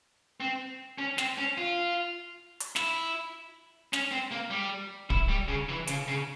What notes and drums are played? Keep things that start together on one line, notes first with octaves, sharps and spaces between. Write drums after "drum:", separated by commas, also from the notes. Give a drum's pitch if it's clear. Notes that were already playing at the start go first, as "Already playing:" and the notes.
C4
C#4
C4, drum: snare
C#4
F4
drum: hi-hat
E4, drum: snare
C#4, drum: snare
C4
A#3
G3
E4, drum: kick D1
G3
C#3
E3
C#3, drum: hi-hat
C#3